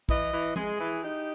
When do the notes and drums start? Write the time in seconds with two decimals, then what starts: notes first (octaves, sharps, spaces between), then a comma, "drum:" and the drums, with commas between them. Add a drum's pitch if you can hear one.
0.09 E3 D#5, drum: kick
0.33 E3
0.56 G#3 G#4, drum: tom
0.79 E3
1.02 D#4 G4